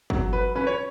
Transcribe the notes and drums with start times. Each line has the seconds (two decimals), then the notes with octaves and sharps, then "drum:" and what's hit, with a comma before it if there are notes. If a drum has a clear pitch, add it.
0.10 F#3, drum: kick
0.33 B4
0.55 C#4 B4
0.67 C#5